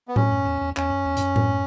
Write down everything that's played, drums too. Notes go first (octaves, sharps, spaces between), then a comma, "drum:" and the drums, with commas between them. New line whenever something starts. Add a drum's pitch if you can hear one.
B3
C#4, drum: tom A2
F#2
E2
E2
E2 C#4, drum: clap
F#2
E2
A2, drum: hi-hat
F#2
drum: tom A2